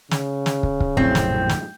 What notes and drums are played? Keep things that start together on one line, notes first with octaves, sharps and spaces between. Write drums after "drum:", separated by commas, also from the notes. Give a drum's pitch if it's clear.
C#3, drum: snare
drum: snare
drum: kick
drum: kick
A#1 F#2 A2 C4, drum: kick
drum: snare
drum: snare